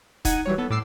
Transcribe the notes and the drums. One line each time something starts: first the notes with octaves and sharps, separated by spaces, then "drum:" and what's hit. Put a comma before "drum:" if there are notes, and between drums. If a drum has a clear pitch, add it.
D#4 F#5 G#6 D#7, drum: kick C#1, hi-hat
E3 F#3 G3 C#5
B3 A4
A2 D6 E6 C7